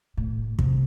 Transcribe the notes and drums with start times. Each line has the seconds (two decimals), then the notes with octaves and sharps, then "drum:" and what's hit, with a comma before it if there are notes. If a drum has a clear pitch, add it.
0.17 A2
0.59 C3, drum: kick